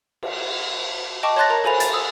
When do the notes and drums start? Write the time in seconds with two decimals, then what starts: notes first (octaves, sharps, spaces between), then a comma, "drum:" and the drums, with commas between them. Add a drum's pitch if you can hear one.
0.23 drum: cymbal
1.23 D#5 G5 A5 C#6 D6
1.36 C#5 A5 C6 F#6 A6 A#6
1.50 A#4 A#5
1.64 A4 C5 G#5 B5 F7, drum: cymbal
1.80 A6, drum: hi-hat
1.93 D#6 E6